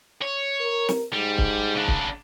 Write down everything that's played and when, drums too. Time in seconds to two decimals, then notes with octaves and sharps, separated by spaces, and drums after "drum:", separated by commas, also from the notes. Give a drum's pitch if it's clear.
0.21 C#5
0.60 A#4
0.89 drum: snare
1.13 G#2 G3
1.38 drum: kick
1.75 C#3 D4
1.88 drum: kick